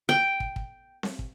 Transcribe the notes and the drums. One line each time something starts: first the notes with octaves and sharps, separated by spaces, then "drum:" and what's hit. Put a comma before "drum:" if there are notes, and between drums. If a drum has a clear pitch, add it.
G5
drum: kick
drum: kick
drum: snare C4
drum: kick